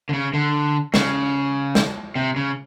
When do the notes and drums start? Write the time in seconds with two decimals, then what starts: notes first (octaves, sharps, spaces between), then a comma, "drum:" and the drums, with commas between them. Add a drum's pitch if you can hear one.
0.09 D3
0.13 C#3
0.34 D3
0.94 C#3, drum: snare
1.75 drum: snare
2.16 C3
2.36 C#3